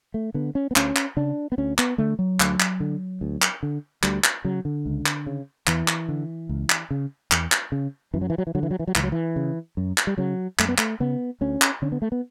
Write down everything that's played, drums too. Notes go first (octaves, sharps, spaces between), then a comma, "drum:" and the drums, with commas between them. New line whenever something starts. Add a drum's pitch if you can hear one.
A3
D3 B3
C#4
B3
D2 C#4, drum: clap
drum: clap
C#3 D4
B3
D2 C#4
B3, drum: clap
D3 A3
F#3
D2, drum: clap
drum: clap
D3
D2
drum: clap
D3
D2 G3, drum: clap
drum: clap
C#3 F#3
D3
C#2
drum: clap
C#3
E2 E3, drum: clap
drum: clap
D3
C#2
drum: clap
C#3
E2, drum: clap
drum: clap
C#3
F#2 E3
F#3
E3
F#3
E3
D3 F#3
E3
F#3
E3
F#3
C#2 E3, drum: clap
F#3
E3
C#3
F#2
drum: clap
G3
C#3 F#3
F#2 A3, drum: clap
B3
A3, drum: clap
C#3 B3
D2 C#4
drum: clap
D3 C#4
B3
A3
B3